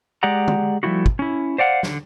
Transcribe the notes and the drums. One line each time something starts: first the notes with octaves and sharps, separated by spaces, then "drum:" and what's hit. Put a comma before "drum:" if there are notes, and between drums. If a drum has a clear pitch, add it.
G#3 G4 G#4 D5 F#5 A#5
drum: tom D3
F3 G3 A3 E4 F#4
drum: kick
C#4 E4
C5 D5 F5 F#5
D3, drum: snare